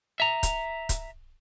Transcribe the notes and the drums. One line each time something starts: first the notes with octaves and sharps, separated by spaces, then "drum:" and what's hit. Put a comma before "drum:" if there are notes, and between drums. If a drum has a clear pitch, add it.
E5 A#5
drum: kick C#1, hi-hat
drum: kick C#1, hi-hat